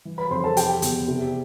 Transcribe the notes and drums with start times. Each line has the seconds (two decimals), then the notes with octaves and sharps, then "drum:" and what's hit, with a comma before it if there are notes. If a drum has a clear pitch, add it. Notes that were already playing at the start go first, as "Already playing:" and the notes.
0.05 E3
0.18 B4 B5
0.30 F2 C5 C6
0.44 A4 A5
0.57 C3 G4 G5, drum: hi-hat
0.82 E2, drum: hi-hat
1.08 C3